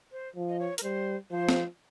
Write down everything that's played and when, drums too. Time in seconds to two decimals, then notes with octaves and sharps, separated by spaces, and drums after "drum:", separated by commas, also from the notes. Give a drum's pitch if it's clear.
0.12 C5
0.36 F3
0.49 D#5
0.59 C#5
0.78 A#4, drum: hi-hat
0.83 G3 C5
1.31 F3 C5
1.49 drum: snare